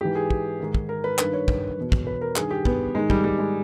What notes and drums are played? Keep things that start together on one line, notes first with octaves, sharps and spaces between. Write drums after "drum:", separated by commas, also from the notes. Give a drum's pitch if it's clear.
G#2 E3 G4
G#4
drum: kick
G#2 D#3
drum: kick
A#4
B4
G2 D#3 B4, drum: clap
C#5
drum: kick
E2 B2
drum: kick
B4
A#4
G2 D#3 G#4, drum: clap
G4
B3, drum: kick
G#2 D#3 G#3
G3, drum: kick
G3
G#3